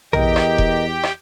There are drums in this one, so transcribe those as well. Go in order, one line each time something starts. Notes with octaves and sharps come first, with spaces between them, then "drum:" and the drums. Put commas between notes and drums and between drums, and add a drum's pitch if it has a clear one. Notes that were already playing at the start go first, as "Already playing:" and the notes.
E2 G4 A#4 D#5 G5, drum: tom A#1
drum: rim click
drum: kick E1
drum: rim click